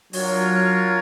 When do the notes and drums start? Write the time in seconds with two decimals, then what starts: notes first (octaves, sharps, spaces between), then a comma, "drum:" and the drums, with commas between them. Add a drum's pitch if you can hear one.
0.13 F#3 D4 F4 A#4 C#5, drum: open hi-hat